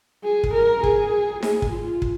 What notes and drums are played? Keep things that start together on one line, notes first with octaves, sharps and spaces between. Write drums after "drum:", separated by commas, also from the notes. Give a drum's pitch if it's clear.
G#4
drum: kick
A#4
G#4, drum: kick
G#4, drum: snare D#4
drum: kick
F4
drum: kick